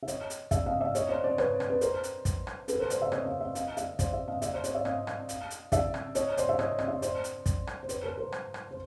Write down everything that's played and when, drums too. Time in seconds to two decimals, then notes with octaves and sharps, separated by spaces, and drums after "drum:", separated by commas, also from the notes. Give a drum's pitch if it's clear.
0.03 E5
0.08 C#5 D#5, drum: hi-hat
0.30 drum: hi-hat
0.51 D5 E5, drum: kick, hi-hat
0.66 D#5 F5
0.81 D5 E5
0.95 C#5 D#5, drum: hi-hat
1.09 C5 D5
1.24 C5 D5
1.38 B4 C#5, drum: rim click
1.60 drum: rim click
1.70 B4
1.81 A#4 C5, drum: hi-hat
2.03 drum: hi-hat
2.25 drum: kick, hi-hat
2.47 drum: rim click
2.68 A4 B4, drum: hi-hat
2.79 A#4 C5
2.90 C5 D5, drum: hi-hat
3.01 D5 E5
3.12 C#5 D#5, drum: rim click
3.26 D#5 F5
3.41 D5 E5
3.55 D#5 F5, drum: hi-hat
3.77 D5 E5, drum: hi-hat
3.99 C5 D5, drum: kick, hi-hat
4.13 D5 E5
4.28 D#5 F5
4.42 D5 E5, drum: hi-hat
4.53 C5 D5
4.64 C#5 D#5, drum: hi-hat
4.75 D5 E5
4.85 D#5 F5, drum: rim click
5.07 drum: rim click
5.29 drum: hi-hat
5.50 drum: hi-hat
5.72 D5 E5, drum: kick, hi-hat
5.94 drum: rim click
6.15 C#5 D#5, drum: hi-hat
6.37 C5 D5, drum: hi-hat
6.49 E5
6.59 C#5 D#5, drum: rim click
6.78 D#5, drum: rim click
6.88 D5 E5
7.02 C5 D5, drum: hi-hat
7.24 drum: hi-hat
7.46 drum: kick, hi-hat
7.67 drum: rim click
7.83 C5
7.89 B4 C#5, drum: hi-hat
8.03 A#4 C5
8.17 A#4 C5
8.32 drum: rim click
8.54 drum: rim click
8.71 C5